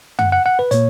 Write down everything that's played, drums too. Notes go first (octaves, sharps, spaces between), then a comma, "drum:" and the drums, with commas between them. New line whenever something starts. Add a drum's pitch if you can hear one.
F#5, drum: tom F#2
F#5
F#5
B4
A#2 A#3 C#5, drum: hi-hat